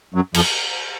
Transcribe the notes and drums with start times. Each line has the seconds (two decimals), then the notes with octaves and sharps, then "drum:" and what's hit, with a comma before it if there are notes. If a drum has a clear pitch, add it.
0.14 F#2 F#3
0.34 F2 F3, drum: cymbal